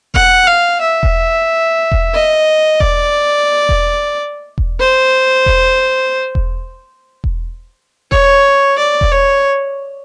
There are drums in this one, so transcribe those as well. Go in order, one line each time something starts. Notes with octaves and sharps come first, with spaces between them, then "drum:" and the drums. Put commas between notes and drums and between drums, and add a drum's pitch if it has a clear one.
F#5, drum: kick E1
F5
E5
drum: kick E1
drum: kick E1
D#5
D5, drum: kick E1
drum: kick E1
drum: kick E1
C5
drum: kick E1
drum: kick E1
drum: kick E1
C#5, drum: kick E1
D5
drum: kick E1
C#5